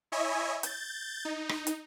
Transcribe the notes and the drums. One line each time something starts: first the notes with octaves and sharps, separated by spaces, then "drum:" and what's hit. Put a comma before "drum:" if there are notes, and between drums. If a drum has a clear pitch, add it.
E4 C#5 D#5 E5 G#5
G6 A6, drum: hi-hat
D#4
drum: rim click
drum: hi-hat